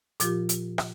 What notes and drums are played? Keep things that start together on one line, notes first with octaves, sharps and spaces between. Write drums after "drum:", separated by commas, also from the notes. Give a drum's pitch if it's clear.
A#2 F3 F4 G4, drum: hi-hat
drum: hi-hat
drum: rim click